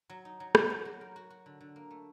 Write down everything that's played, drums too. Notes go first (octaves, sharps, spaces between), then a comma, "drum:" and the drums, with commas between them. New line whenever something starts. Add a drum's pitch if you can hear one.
F#3
D#4
F#3
F#3, drum: rim click
F#3
F#4
A#4
F#4
F#4
D3
D3
A#3
A3